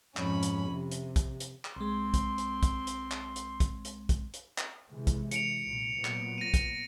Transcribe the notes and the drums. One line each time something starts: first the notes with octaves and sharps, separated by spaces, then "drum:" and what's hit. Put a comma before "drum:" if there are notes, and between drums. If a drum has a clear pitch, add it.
F2 G#2 C#4 B5, drum: clap
drum: hi-hat
C3
drum: hi-hat
drum: kick, hi-hat
drum: hi-hat
drum: clap
B1 G#3 C4 C6
drum: kick, hi-hat
drum: hi-hat
drum: kick, hi-hat
drum: hi-hat
drum: clap
drum: hi-hat
drum: kick, hi-hat
drum: hi-hat
drum: kick, hi-hat
drum: hi-hat
drum: clap
C3 E3 G#3
drum: kick, hi-hat
C#7 D7 F7, drum: hi-hat
B1 A#2
A#2 F#3 B3
drum: clap
A#6 D#7
drum: kick, hi-hat